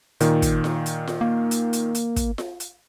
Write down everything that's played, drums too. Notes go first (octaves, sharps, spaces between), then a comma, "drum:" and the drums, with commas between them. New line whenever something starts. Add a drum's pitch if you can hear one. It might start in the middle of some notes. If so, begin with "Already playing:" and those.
A#2 D#3, drum: hi-hat
drum: kick, hi-hat
drum: snare F4
drum: hi-hat
drum: snare F4
A#3
drum: hi-hat
drum: hi-hat
drum: hi-hat
drum: kick, hi-hat
drum: snare F4
drum: hi-hat